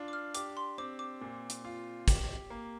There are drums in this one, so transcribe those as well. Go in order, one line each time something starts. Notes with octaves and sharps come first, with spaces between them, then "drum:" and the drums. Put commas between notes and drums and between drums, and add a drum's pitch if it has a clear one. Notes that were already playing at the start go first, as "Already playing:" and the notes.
Already playing: D4 F4
D6
F6
G4 D6, drum: hi-hat
C6
C4 D6
D6
A#2
drum: hi-hat
F4
G4, drum: kick, hi-hat
A#3